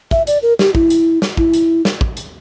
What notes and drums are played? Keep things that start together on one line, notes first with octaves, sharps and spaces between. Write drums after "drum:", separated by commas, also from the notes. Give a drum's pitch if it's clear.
E5, drum: kick
D5, drum: hi-hat
A#4
G4, drum: snare
E4, drum: kick
drum: hi-hat
drum: snare
E4, drum: kick
drum: hi-hat
drum: snare
drum: kick
drum: hi-hat